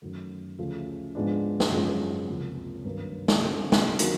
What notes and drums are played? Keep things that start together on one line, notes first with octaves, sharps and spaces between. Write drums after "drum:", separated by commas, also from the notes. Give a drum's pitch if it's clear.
F#2 D#3 F#3 A3
D2 C#3 F3 A3 C#4
G#2 F3 G#3 B3 D4
drum: snare
F#2 C#3 F3 G#3
C#2 C3 F3 A#3
G2 D#3 F#3 A#3 D#4
drum: snare
D3 G3 C4
drum: snare
D#3 F#3 A#3 D#4, drum: hi-hat